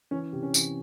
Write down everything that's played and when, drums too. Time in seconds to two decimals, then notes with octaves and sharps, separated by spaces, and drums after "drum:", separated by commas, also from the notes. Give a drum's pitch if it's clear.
0.11 E3 C#4
0.33 C3 G4
0.43 C#4
0.54 E3 C#4, drum: tambourine